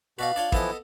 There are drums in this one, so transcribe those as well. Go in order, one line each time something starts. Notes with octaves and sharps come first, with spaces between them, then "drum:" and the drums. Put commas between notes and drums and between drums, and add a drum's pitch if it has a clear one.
B2 F#4 B4 D5 F5
D4 F4 C#5 D5
E3 F3 B3 E4 A4 D#5, drum: kick